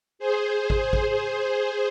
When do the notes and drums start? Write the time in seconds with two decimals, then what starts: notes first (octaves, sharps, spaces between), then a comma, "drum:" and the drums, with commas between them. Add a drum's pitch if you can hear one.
0.19 G#4 C5
0.70 drum: kick G#1
0.93 drum: kick G#1
1.08 G#4 C5